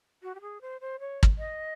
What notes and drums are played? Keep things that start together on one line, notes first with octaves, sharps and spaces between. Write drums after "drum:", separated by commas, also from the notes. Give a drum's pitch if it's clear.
F#4
G4
G#4
C5
C5
C#5
drum: kick
D#5